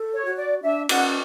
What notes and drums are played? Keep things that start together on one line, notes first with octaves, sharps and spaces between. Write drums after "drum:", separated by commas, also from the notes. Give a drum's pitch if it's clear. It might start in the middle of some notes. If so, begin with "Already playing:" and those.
Already playing: A4
C#5
F#4
D5
D4 E5
C#4 F#5, drum: cymbal